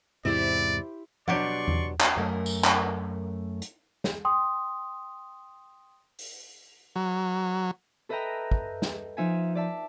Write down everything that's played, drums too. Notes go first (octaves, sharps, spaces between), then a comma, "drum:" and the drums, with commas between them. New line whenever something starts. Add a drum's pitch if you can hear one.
E2 G#2 C3 E4 G4 C5 D5
B2 F#3 D4 G4 D5 F#5 C6 C#6, drum: tom F3
drum: tom E2
drum: clap
F#2 A3 A#4
drum: tambourine
drum: clap
drum: hi-hat
drum: snare
G5 C6 D#6
drum: open hi-hat
F#3
A4 B4 D#5 E5 G5 A#5
drum: kick
drum: snare
F3 D#4 E5 G#5
D5 E5 A5